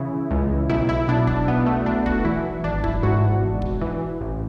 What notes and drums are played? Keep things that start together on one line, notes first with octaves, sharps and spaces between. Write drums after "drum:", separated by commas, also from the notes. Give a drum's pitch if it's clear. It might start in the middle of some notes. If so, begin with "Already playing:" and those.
Already playing: C#3 E3 E4
C#2
B1 E4
E4
B2 D4
D4, drum: kick
B2 B3
A3
B1 D4
F#4, drum: kick
E3 E4
G#1 D4
E4, drum: kick
G#2 F#4
G#1
drum: kick
E3
A1